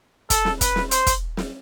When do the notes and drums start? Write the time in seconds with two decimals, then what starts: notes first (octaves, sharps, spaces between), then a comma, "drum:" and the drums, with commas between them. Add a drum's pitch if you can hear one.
0.30 A4, drum: kick, hi-hat
0.45 drum: snare
0.61 B4, drum: kick, hi-hat
0.76 drum: snare
0.91 C5, drum: hi-hat
1.07 drum: kick, hi-hat
1.37 drum: snare